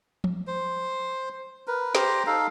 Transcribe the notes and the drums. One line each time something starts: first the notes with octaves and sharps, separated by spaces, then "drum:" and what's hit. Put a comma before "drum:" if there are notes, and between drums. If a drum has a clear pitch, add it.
drum: tom F3
C5
A#4 B4
G4 C5 A#5, drum: snare
D#4 A4 F5